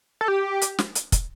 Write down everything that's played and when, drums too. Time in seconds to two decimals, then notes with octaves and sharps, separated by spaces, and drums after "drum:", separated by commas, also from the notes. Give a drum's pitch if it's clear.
0.21 A4
0.28 G4
0.62 drum: hi-hat
0.79 drum: snare
0.95 drum: hi-hat
1.12 drum: kick, hi-hat